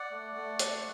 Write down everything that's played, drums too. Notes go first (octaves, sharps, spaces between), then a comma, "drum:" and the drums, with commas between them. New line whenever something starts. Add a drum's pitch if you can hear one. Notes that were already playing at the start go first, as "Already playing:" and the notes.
Already playing: D5 F#5
A3
A3
A3, drum: hi-hat